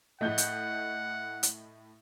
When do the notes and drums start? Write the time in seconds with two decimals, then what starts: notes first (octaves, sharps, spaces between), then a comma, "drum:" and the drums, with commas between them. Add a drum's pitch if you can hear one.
0.21 A2 A3 D#5 F#5 G6 G7
0.38 drum: hi-hat
1.43 drum: hi-hat